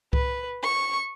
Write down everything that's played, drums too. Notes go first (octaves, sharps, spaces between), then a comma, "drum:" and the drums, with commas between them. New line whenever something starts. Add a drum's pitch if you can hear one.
B4, drum: kick C2
C#6